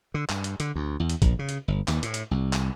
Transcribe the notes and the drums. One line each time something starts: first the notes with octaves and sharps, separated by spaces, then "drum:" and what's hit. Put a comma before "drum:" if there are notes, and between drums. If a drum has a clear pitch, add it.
D3
G2, drum: clap
drum: hi-hat
D3, drum: hi-hat
D2
E2
drum: hi-hat
A#1, drum: kick, hi-hat
C#3
drum: hi-hat
G1
D#2, drum: clap
A2, drum: hi-hat
drum: hi-hat
C2
drum: clap